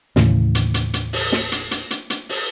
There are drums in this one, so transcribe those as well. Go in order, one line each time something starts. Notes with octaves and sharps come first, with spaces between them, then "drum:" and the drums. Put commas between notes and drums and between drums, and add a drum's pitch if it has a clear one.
D#2 A2 C#3 E3, drum: snare
drum: hi-hat
drum: hi-hat
drum: hi-hat
drum: open hi-hat
drum: snare
drum: hi-hat
drum: hi-hat
drum: hi-hat
drum: hi-hat
drum: open hi-hat